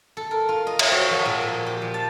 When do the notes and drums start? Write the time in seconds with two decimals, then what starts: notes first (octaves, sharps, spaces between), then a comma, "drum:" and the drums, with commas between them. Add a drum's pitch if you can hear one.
0.17 A4
0.31 A#4
0.49 F4
0.67 D#5
0.79 F5, drum: cymbal
0.92 F#4
1.10 F3
1.26 A#2
1.41 G#5
1.66 G4
1.82 F3
1.94 A5